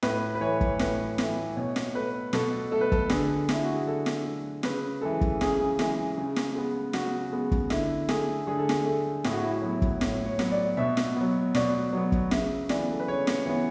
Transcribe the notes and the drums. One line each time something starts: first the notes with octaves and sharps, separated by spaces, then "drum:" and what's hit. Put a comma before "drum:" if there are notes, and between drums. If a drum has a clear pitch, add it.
A2 B4, drum: snare
B4
E3 A3 C#5
drum: kick
A2 B4, drum: snare
E3 A3, drum: snare
B2 C#5
drum: snare
A3 B4
B2 A4, drum: snare
A3 A4
B4
A4, drum: kick
D3 G#4, drum: snare
A3 E4, drum: snare
F#4
G#4
D3 A4
drum: snare
A3
C#3 B4, drum: snare
E3 G#3 A4
drum: kick
C#3 G#4, drum: snare
E3 G#3, drum: snare
C#3
drum: snare
G#3 B3
C#3 F#4, drum: snare
G#3 B3
drum: kick
D3 E4, drum: snare
A3 G#4, drum: snare
D3 G#4
A4
G#4, drum: snare
A3
A2 G#4, drum: snare
F#4
E4
F#4
F#3 B3
drum: kick
A2 C#5, drum: snare
C#5
F#3 B3, drum: snare
D5
B2 E5
drum: snare
F#3 B3
B2 D5, drum: snare
F#3 B3
drum: kick
C#3 E5, drum: snare
E3 B3 D5, drum: snare
A4
B4
C#3 C#5
drum: snare
E3 B3 C#5